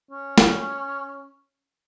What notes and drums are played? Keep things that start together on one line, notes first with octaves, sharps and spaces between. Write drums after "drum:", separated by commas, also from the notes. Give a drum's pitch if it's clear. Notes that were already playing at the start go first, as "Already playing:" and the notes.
C#4
drum: snare